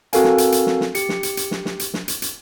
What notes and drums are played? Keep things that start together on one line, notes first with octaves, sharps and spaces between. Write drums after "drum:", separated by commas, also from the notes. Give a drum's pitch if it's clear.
C4 F#4 A4 A#4 F5 G#5, drum: hi-hat
drum: snare
drum: hi-hat
drum: hi-hat
drum: snare
drum: snare
G4 C#7, drum: hi-hat
drum: snare
drum: hi-hat
drum: hi-hat
drum: snare
drum: snare
drum: hi-hat
drum: snare
drum: hi-hat
drum: hi-hat